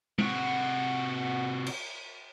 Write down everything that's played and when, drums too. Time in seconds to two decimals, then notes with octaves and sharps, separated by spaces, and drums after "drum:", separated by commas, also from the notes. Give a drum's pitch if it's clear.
0.19 C3 F#4, drum: tom
1.67 drum: cymbal